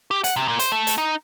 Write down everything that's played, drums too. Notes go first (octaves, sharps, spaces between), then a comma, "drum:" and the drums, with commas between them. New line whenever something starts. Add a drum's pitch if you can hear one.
G4
F#5, drum: hi-hat
C3
A#2
C5, drum: hi-hat
A3
drum: hi-hat
D#4